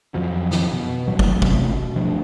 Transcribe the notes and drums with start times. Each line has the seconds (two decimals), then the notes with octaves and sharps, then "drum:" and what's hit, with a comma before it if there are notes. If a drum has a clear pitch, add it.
0.14 F2 F3 F#3
0.51 drum: snare
0.72 B2
1.08 D1 A1 F#3 G3
1.19 drum: kick
1.42 E2 C3 A3 C#4, drum: kick
1.70 B2
1.96 D2 G2 F3